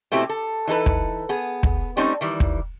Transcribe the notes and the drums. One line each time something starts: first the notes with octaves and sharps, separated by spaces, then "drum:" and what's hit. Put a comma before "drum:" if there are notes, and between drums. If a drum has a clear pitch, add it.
B2 A3 C4 E4 G4
A4
E3 D#4 A4 B4
drum: kick
B3 G#4
drum: kick
G3 A3 C4 C#4 D#4
D#3 E3 G3
drum: kick